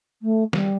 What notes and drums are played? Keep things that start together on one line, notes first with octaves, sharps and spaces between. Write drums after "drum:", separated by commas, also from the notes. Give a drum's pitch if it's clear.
A3
G3, drum: snare